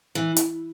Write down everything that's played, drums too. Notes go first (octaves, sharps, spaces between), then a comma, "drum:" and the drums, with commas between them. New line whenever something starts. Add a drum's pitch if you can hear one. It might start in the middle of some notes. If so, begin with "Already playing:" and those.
E3
drum: hi-hat